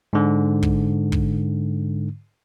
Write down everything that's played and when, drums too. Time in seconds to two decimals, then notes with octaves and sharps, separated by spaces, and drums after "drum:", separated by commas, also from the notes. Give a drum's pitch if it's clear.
0.13 G#2 D3
0.63 drum: kick
1.12 drum: kick